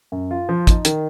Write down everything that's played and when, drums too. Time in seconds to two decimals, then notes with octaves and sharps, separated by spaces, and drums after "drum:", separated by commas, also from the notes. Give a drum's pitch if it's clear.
0.12 F#2
0.31 F4
0.49 F3
0.67 D#4, drum: kick, hi-hat
0.85 D#3, drum: hi-hat